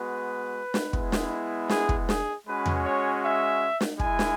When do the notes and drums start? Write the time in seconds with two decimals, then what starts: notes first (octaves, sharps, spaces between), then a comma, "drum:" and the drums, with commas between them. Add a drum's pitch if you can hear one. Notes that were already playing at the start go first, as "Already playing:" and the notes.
Already playing: G#3 B3 F#4 B4
0.74 drum: snare
0.93 G#3 B3 E4, drum: kick
1.12 drum: snare
1.69 G#4, drum: snare
1.89 drum: kick
2.09 G#4, drum: snare
2.46 G#3 C#4 F#4 B4
2.66 drum: tom E2
2.85 C#5
3.23 E5
3.81 drum: snare
3.99 G#3 E4 G#5, drum: kick
4.19 drum: snare